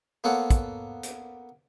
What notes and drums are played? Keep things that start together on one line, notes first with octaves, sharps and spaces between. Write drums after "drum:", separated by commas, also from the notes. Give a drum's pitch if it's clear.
A#3 B3 A4 C#5 F#5
drum: kick, hi-hat
drum: hi-hat